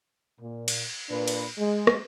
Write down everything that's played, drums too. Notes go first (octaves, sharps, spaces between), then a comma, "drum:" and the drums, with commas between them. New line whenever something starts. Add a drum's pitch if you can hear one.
A#2
drum: cymbal
A#2 D4 B4
drum: cymbal
G#3
drum: rim click